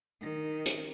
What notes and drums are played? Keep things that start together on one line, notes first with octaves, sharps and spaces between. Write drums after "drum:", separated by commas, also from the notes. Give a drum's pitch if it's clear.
D#3
drum: hi-hat